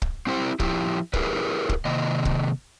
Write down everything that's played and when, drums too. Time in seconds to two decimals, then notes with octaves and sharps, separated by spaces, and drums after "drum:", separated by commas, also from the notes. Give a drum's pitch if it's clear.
0.02 drum: kick
0.27 C4 E4 G4 C5
0.60 F3 E4 G4, drum: kick
1.13 E4 G4 G#4 A#4 B4, drum: kick
1.69 drum: kick
1.85 C3 D#3 A#3 D#5
2.25 drum: kick